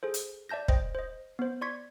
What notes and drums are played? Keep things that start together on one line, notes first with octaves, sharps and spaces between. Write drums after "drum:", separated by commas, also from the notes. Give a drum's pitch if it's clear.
G#4 A4 C5
drum: hi-hat
D5 E5 A5 G6 A#6
C5 D#5 G5, drum: kick
C5 D#5
B3 C5
D5 C6 C#6 G#6 B6